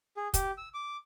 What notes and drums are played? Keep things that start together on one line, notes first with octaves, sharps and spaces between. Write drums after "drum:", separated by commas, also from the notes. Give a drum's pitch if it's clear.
G#4
G4, drum: kick, hi-hat
E6
D6